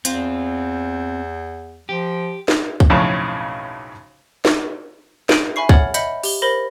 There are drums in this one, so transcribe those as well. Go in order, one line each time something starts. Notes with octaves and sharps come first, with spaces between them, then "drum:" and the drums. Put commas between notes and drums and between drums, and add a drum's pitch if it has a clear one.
E2 C4 F4, drum: hi-hat
F3 G4
drum: snare
drum: kick B1
B1 F2 A2 C#3 C#4 A5
drum: snare
G6 D7 D#7 F#7, drum: snare
E5 G#5 B5 C#6 C7
C#5 F#5 F6 G#6 A6 F#7, drum: kick B1
D#5 E5 B5 G6 C#7, drum: hi-hat
G4 G7, drum: open hi-hat
A#4 C5 B5 A#6